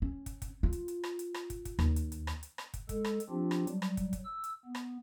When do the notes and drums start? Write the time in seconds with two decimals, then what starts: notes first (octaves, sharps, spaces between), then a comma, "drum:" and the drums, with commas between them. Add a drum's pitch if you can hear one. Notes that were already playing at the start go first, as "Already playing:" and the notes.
0.02 C#4
0.26 drum: kick, hi-hat
0.42 drum: kick, hi-hat
0.63 F4
0.73 drum: hi-hat
0.88 drum: hi-hat
1.03 drum: rim click
1.19 drum: hi-hat
1.34 drum: rim click
1.50 drum: kick, hi-hat
1.65 drum: kick, hi-hat
1.79 D#2, drum: rim click
1.96 drum: hi-hat
2.12 drum: hi-hat
2.27 drum: rim click
2.43 drum: hi-hat
2.58 drum: rim click
2.74 drum: kick, hi-hat
2.89 G#3 A4, drum: kick, hi-hat
3.04 drum: rim click
3.20 drum: hi-hat
3.30 F3 C4 D4 F4 G4
3.51 drum: rim click
3.67 F#3 G3, drum: hi-hat
3.82 drum: rim click
3.97 drum: kick, hi-hat
4.13 drum: kick, hi-hat
4.25 E6
4.44 drum: hi-hat
4.65 B3
4.75 drum: rim click